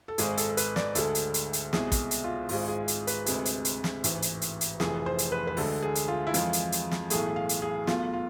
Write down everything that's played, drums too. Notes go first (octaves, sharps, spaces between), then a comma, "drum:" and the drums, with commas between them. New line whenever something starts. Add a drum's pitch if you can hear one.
A4
G#1 G#2 G#3 G#4, drum: hi-hat
A4, drum: hi-hat
A4
B4, drum: hi-hat
D5, drum: snare
D2 D3 G#3 A4, drum: hi-hat
drum: hi-hat
drum: hi-hat
drum: hi-hat
C2 B2 G#3 G#4, drum: snare
drum: kick, hi-hat
drum: hi-hat
F4
G#1 G#2 G#3 F4, drum: open hi-hat
G#4
drum: hi-hat
B4, drum: hi-hat
D2 C3 G#3, drum: hi-hat
drum: hi-hat
drum: hi-hat
drum: snare
A1 G#2 E3, drum: hi-hat
drum: hi-hat
drum: hi-hat
drum: hi-hat
F1 F2 E3 G#4, drum: snare
C5
drum: hi-hat
B4
B4
D2 D3 G#3 A4, drum: open hi-hat
G#4
drum: hi-hat
F4
E4
F2 E3 G#3 F4, drum: hi-hat
drum: hi-hat
drum: hi-hat
drum: snare
B1 A2 E3 A3 G#4, drum: hi-hat
F5
drum: hi-hat
G#4
B1 B2 A3 F4, drum: snare
F4